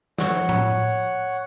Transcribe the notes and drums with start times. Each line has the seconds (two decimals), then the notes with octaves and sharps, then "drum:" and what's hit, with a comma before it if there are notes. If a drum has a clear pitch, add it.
0.18 C#5 F#5, drum: snare
0.49 drum: tom A2